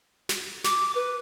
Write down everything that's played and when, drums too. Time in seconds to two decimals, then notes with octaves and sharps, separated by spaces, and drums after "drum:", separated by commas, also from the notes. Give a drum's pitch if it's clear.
0.29 drum: snare
0.64 D6, drum: snare
0.95 B4